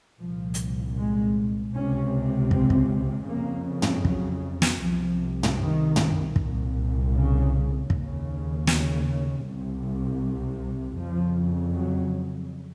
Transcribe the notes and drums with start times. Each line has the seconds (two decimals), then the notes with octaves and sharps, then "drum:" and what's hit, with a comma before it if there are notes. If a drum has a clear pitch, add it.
0.20 C2 A#2 F3
0.54 drum: hi-hat
0.97 G#3
1.74 C#2 C3 C#4
2.51 C4, drum: kick
2.70 drum: kick
3.27 F2 C#3 A#3
3.82 drum: tom
4.05 F#3, drum: kick
4.62 drum: snare
4.81 C2 C3 F3
5.43 drum: tom
5.59 D#3
5.96 drum: tom
6.36 C2 A#2, drum: kick
7.13 C#3
7.90 D#2 C#3, drum: kick
8.67 C#3, drum: snare
9.44 C2 C3
10.98 F2 C#3 F3
11.75 F#3